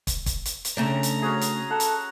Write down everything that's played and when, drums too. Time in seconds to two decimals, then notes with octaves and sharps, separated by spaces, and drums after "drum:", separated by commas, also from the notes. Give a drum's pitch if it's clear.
0.07 drum: kick, hi-hat
0.26 drum: kick, hi-hat
0.45 drum: hi-hat
0.65 drum: hi-hat
0.77 C#3 A3 D4 A#5
1.03 drum: hi-hat
1.22 C#4 F#4 G#4
1.41 drum: hi-hat
1.70 A4 F#5
1.80 drum: hi-hat